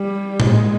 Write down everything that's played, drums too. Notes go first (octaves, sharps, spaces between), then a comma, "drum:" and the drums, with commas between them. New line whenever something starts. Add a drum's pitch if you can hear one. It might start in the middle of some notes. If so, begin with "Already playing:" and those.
Already playing: G3
G#3, drum: tom A2